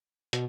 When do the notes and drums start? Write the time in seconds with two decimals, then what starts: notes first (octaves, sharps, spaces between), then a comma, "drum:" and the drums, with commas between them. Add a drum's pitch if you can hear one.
0.33 B2, drum: hi-hat